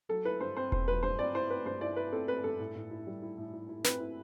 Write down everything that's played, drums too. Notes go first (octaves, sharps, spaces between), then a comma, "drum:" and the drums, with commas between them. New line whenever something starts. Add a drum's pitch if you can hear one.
F#3 A4
E4 B4
G2 C5
C4 C5
C4 C5, drum: kick E1
F#3 B4
G2 C5
C4 D5
E4 C5
C4 B4
G2 C5
E4 D5
E4 B4
C4 A4
C4 B4
G2 A4
A2
A2
E4
G3
E4
A2
E4
E4
C4 B4, drum: snare
E4